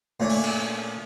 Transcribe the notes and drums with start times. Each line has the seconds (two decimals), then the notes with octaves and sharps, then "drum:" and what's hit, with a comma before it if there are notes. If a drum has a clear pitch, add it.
0.20 A#2 A3 C#4 D4
0.29 drum: open hi-hat
0.44 drum: cymbal